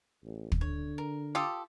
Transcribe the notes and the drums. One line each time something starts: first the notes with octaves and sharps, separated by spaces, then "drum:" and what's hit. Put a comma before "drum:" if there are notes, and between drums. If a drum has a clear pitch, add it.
A1
drum: kick
D3 C#5
A#4
F4 G4 A4 D6 D#6